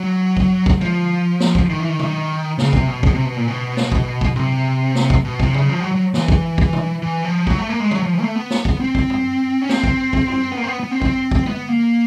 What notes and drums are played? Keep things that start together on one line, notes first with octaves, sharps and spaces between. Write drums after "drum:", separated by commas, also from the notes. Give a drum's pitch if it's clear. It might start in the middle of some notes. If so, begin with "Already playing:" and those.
Already playing: F#3
drum: kick
drum: kick
F3, drum: tom D3
drum: snare
drum: kick
D#3
E3
D#3
drum: tom B2
C#3, drum: snare
C3, drum: kick
B2
B2, drum: kick
C3
B2
A#2
B2
drum: snare
drum: kick
drum: kick
C3, drum: tom A#2
drum: snare
drum: kick
B2
C3, drum: kick
C#3, drum: tom B2
F3
F#3
F#3
E3, drum: snare
drum: kick
drum: kick
drum: tom B2
E3
F3
F#3, drum: kick
A3
A#3
G#3
F#3, drum: tom D3
F3
E3
A#3
A3
B3
drum: snare
drum: kick
C4
drum: kick
drum: tom
C#4
C4, drum: snare
drum: kick
drum: kick
drum: tom
B3
A#3
C4
B3
B3
C4
C4, drum: kick
drum: kick
B3, drum: tom D3
A#3